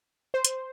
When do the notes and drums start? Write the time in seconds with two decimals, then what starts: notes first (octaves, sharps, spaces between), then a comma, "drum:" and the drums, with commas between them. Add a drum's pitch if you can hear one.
0.34 C5
0.45 drum: hi-hat